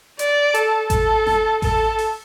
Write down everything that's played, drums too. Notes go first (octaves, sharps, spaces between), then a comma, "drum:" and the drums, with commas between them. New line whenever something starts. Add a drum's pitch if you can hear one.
D5, drum: hi-hat
A4, drum: hi-hat
A4, drum: kick A1, hi-hat
drum: snare G1
A4, drum: kick A1, open hi-hat
drum: open hi-hat